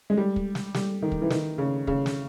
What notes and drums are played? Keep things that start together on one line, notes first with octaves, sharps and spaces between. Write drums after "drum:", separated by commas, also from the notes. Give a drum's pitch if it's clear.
G#3
G3
drum: kick
drum: snare
G3, drum: snare
D#3
drum: kick
E3
D#3, drum: snare
C#3
C#3, drum: kick
drum: snare